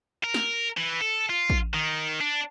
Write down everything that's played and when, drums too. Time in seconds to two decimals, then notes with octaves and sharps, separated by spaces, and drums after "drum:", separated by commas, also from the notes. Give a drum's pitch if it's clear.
0.24 A#4
0.34 drum: snare
0.77 E3
1.01 A4
1.30 F4
1.50 drum: kick A1
1.74 D#3
2.21 D4